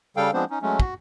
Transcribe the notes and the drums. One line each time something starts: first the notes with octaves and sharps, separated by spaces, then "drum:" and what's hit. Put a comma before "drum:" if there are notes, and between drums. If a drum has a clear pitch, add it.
C#3 G3 A4 F5 G5
F3 G#3 B3 C4 D4 C5
C#4 D#4
F#3 G#3 A3 C#4
F#4, drum: kick